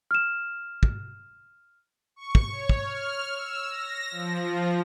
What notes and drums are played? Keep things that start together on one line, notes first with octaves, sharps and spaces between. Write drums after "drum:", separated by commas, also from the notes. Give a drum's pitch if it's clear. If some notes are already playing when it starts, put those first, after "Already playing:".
F6 E7
drum: kick
C#6
drum: kick
C#5
drum: kick
F6
E6
A#6
F3
F3